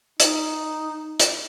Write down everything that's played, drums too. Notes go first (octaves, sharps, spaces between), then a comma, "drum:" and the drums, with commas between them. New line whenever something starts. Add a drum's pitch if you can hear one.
D#4, drum: hi-hat
drum: hi-hat